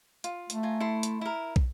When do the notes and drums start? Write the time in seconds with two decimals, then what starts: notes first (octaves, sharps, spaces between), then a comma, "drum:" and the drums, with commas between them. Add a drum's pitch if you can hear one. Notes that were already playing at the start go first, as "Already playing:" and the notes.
0.24 F4, drum: hi-hat
0.50 A3, drum: hi-hat
0.63 F4 G#5 A#5
0.80 E4 A4 C6
1.03 drum: hi-hat
1.21 E4 A#4
1.56 drum: kick